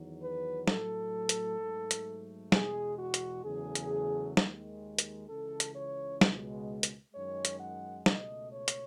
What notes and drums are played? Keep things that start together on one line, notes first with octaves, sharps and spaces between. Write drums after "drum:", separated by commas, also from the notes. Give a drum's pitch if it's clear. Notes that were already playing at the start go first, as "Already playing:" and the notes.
Already playing: E2 D#3 F#3
B4
A2 F#3 A3 A4, drum: snare
drum: hi-hat
G#2 F#3 A3
drum: hi-hat
E2 B2 G#3 G#4, drum: snare
F#4
drum: hi-hat
E2 C#3 F#3 A3 G#4
drum: hi-hat
D#2 D#3 G#3, drum: snare
drum: hi-hat
C#2 C#3 E3 A4
drum: hi-hat
C#5
C#2 B2 G#3, drum: snare
drum: hi-hat
F#2 D#3 G#3 C#5
drum: hi-hat
F#5
C#2 B2 A3 D#5, drum: snare
C#5
drum: hi-hat